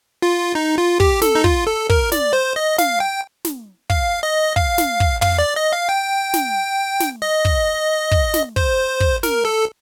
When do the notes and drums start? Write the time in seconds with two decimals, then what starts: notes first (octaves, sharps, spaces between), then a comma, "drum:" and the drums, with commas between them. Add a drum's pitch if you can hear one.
0.22 F4
0.55 D#4
0.78 F4
1.00 G4, drum: kick
1.22 A4, drum: snare
1.35 D#4
1.44 F4, drum: kick
1.67 A4
1.90 A#4, drum: kick
2.12 D5, drum: snare
2.33 C5
2.56 D#5
2.78 F5, drum: snare
3.00 G5
3.45 drum: snare
3.90 F5, drum: kick
4.23 D#5
4.56 F5, drum: kick
4.78 drum: snare
5.00 drum: kick
5.22 F5, drum: tom
5.39 D5
5.56 D#5
5.73 F5
5.89 G5
6.34 drum: snare
7.00 drum: snare
7.22 D#5
7.45 drum: kick
8.11 drum: kick
8.34 drum: snare
8.56 C5, drum: kick
9.00 drum: kick
9.23 A#4, drum: snare
9.45 A4